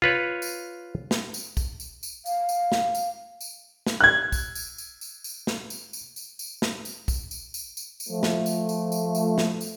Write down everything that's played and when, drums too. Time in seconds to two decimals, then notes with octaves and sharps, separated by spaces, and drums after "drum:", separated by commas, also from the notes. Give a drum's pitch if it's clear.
0.02 F4 B4 C#5
0.42 drum: tambourine
1.11 drum: snare
1.34 drum: tambourine
1.57 drum: kick, tambourine
1.80 drum: tambourine
2.03 drum: tambourine
2.26 F5, drum: tambourine
2.49 drum: tambourine
2.72 drum: snare
2.95 drum: tambourine
3.41 drum: tambourine
3.86 drum: snare
4.01 F#6 G#6
4.32 drum: kick, tambourine
4.55 drum: tambourine
4.78 drum: tambourine
5.01 drum: tambourine
5.24 drum: tambourine
5.47 drum: snare
5.70 drum: tambourine
5.93 drum: tambourine
6.16 drum: tambourine
6.39 drum: tambourine
6.62 drum: snare
6.85 drum: tambourine
7.08 drum: kick, tambourine
7.31 drum: tambourine
7.54 drum: tambourine
7.77 drum: tambourine
8.00 drum: tambourine
8.09 F3 A3
8.23 drum: snare
8.46 drum: tambourine
8.69 drum: tambourine
8.92 drum: tambourine
9.15 drum: tambourine
9.38 drum: snare
9.61 drum: tambourine